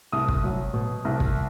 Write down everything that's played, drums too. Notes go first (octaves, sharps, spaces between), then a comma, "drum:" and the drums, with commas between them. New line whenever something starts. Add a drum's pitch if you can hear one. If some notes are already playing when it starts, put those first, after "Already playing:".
C2 D#6
drum: kick
F#3
B2
C2
drum: kick